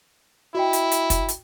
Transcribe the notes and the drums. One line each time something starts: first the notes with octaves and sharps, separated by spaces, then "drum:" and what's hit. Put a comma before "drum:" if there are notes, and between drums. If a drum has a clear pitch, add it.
E4 F#4 D#5 G5
drum: hi-hat
drum: hi-hat
drum: kick, hi-hat
drum: hi-hat